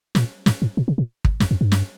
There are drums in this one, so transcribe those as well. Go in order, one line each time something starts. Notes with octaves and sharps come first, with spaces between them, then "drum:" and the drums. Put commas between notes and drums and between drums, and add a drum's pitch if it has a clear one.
A#2, drum: snare
G#2, drum: snare
G#2
A#2
C3
A#2
drum: kick
F2, drum: snare
F2
G2
drum: snare